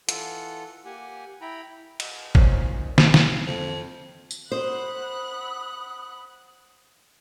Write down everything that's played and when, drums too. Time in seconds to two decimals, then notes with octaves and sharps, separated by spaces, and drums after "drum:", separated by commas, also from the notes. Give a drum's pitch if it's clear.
0.09 E3 F4 A4 F#5, drum: hi-hat
0.85 A#3 G4 F#5 G#5
1.41 E4 G5 A#5 B5
2.00 drum: cymbal
2.35 A#2 D#3 F#3 C#4 C5, drum: kick
2.98 drum: snare
3.14 drum: snare
3.46 F2
4.31 drum: tambourine
4.52 C5 F#5 B5 D#6 F#6